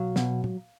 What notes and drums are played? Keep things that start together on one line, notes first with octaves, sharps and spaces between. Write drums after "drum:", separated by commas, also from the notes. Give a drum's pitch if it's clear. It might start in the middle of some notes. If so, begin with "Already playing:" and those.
Already playing: B1 F#3 F5
B2, drum: snare
drum: tom